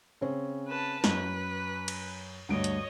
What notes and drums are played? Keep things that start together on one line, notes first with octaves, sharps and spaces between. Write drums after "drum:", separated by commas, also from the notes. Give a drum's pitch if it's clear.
C#3 C4 C#4
B4 A5
F#2 B4, drum: snare
drum: cymbal
D2 G2 C#5 D#5 D7
drum: hi-hat